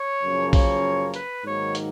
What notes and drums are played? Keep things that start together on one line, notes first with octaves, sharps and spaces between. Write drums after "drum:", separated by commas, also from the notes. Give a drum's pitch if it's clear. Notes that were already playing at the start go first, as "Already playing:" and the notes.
Already playing: C#5
F#2 C#3 F3 A#3
C#5, drum: kick A#1, open hi-hat
B4, drum: hi-hat
G#2 D#3 F#3 A#3 C#5
drum: hi-hat